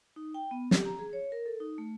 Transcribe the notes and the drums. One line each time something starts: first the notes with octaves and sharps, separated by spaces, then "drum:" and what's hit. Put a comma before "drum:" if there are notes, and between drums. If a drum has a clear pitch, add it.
D#4
G5
B3
G4, drum: snare
A#5
G#4
C#5
A#4
A4
D#4
A3